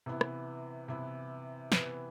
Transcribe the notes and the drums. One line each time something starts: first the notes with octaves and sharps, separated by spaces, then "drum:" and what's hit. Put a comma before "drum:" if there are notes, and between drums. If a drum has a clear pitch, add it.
C3 E3 B3 E4
drum: rim click
C3 E3 B3 E4
C3 E3 B3 E4, drum: snare